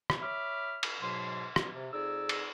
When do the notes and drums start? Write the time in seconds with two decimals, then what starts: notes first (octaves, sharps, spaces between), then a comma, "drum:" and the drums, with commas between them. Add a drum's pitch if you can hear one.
0.10 drum: rim click
0.21 C#5 E5 B5 D6 F6
0.83 drum: cymbal
1.01 G#2 B2 F#3 C6
1.56 drum: rim click
1.73 C3
1.93 F2 D#4 G#4 D5 E6
2.29 drum: cymbal